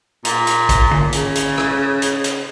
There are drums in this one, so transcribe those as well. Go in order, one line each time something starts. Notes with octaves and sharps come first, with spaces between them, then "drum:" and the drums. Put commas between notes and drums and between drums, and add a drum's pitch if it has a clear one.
A#2, drum: hi-hat
drum: hi-hat
drum: kick A1, hi-hat
drum: tom D3
C#3, drum: hi-hat
drum: hi-hat
drum: rim click
drum: hi-hat
drum: hi-hat